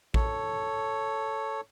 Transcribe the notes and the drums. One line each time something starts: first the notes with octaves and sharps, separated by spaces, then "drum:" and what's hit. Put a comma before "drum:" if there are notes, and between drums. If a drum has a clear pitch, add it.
A4 C#5, drum: kick